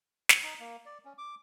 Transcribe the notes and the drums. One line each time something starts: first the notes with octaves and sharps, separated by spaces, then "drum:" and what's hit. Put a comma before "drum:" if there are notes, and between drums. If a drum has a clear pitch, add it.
drum: snare
D#4
A#3
D5
C#4
D6